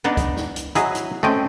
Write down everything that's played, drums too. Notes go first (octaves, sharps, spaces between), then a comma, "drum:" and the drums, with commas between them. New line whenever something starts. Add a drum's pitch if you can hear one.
B3 D4 D#4
drum: kick, hi-hat
drum: snare
drum: hi-hat
F#3 E4 G#4 D#5, drum: hi-hat
drum: hi-hat
A3 C4 C#4 D#5 G5